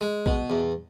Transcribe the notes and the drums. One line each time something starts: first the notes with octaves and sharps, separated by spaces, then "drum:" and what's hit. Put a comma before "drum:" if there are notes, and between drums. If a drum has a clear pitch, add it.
G#3
B2, drum: kick
E2